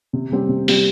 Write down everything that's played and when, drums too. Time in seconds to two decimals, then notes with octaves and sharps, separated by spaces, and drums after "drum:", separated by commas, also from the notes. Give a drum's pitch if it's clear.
0.13 C3
0.32 G3 C4 G4
0.49 C3
0.68 G3 C4 G4, drum: open hi-hat